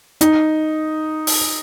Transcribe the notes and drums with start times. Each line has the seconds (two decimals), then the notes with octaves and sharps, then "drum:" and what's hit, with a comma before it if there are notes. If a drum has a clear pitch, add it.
0.21 D#4, drum: hi-hat
1.27 drum: open hi-hat